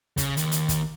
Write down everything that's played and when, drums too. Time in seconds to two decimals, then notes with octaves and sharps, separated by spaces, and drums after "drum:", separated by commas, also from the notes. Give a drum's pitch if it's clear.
0.17 C#3, drum: kick, hi-hat
0.37 D#2, drum: hi-hat
0.52 drum: hi-hat
0.69 drum: kick, hi-hat